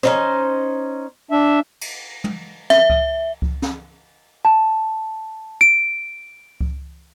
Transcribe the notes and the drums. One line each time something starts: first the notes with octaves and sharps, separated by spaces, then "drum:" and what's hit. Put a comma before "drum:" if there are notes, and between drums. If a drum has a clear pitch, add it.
C#4 D#4 C5, drum: snare
D4 E5
drum: cymbal
drum: tom
E5, drum: snare
drum: kick C#2
drum: kick C#2
drum: snare
A5
D7
drum: kick C#2